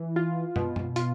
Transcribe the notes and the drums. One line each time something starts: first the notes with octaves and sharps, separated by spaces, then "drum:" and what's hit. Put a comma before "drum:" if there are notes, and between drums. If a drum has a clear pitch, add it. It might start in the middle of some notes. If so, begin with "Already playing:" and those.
Already playing: E3
F4
B2, drum: tom
drum: tom
F4, drum: hi-hat